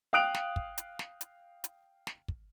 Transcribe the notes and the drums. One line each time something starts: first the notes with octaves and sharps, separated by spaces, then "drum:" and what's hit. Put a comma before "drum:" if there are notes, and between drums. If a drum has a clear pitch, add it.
F5 G5 D#6 F#6 D7 F7
drum: snare
drum: kick
drum: hi-hat
drum: snare
drum: hi-hat
drum: hi-hat
drum: snare
drum: kick